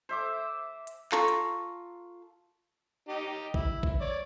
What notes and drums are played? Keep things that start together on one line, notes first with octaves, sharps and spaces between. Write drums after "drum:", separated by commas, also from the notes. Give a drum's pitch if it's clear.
C5 E5 D6
drum: hi-hat
F4 A4 A#5 C#6, drum: clap
drum: hi-hat
D#4 G4
E4, drum: kick A#1
drum: kick A#1
C#5 D5